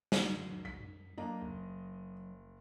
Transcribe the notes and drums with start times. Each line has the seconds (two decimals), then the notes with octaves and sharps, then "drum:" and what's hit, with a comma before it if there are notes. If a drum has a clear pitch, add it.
0.12 F#2, drum: snare
0.65 B1 B6
0.80 F#2
1.18 F#3 A#3 D4 D#5 A#5
1.42 F#1